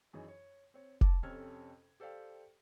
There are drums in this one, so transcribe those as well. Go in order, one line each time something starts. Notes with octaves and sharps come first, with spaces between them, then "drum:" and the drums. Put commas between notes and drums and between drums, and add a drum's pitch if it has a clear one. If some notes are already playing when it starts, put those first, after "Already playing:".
F#2 E3 D#4 G#4 C#5
C#5
C4 C#5
A5 D6, drum: kick F1
F2 C3 C#4 A4 F6 G#6
G4 A4 C5 D5 F5 G5